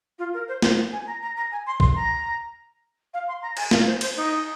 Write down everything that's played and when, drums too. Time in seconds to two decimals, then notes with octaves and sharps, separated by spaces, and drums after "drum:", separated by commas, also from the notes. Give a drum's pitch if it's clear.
0.18 F4
0.33 A#4
0.48 C5
0.62 C5, drum: snare
0.92 G#5
1.07 A#5
1.21 A#5
1.36 A#5
1.51 G#5
1.66 C6
1.80 C6, drum: kick
1.95 A#5
3.13 F5
3.28 C6
3.42 A#5
3.57 G#5, drum: cymbal
3.71 F5, drum: snare
3.86 C5
4.01 C5, drum: cymbal
4.16 D#4